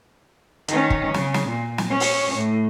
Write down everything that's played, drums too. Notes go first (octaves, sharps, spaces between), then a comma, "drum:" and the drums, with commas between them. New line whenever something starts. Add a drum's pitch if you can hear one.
D#3 C#4, drum: hi-hat
drum: kick
C#3, drum: snare
drum: snare
A#2
drum: snare
C#4 C#5
drum: open hi-hat
A2